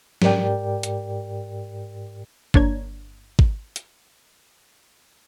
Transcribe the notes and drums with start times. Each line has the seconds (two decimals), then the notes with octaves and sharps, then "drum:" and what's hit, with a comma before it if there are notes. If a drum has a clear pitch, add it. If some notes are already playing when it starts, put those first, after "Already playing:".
0.22 G#2 G4 A#4 D5 G5, drum: snare
0.83 drum: hi-hat
2.54 G1 A#3 D4 C#5 A#5 G#6, drum: kick G#1
3.39 drum: kick G#1
3.76 drum: hi-hat